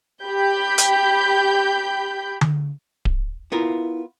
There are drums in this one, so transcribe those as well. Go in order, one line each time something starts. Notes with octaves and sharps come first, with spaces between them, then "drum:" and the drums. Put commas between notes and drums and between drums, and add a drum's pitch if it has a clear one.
G4 B5 G6
drum: hi-hat
drum: tom D3
drum: kick D1
B3 E4 F4 A#4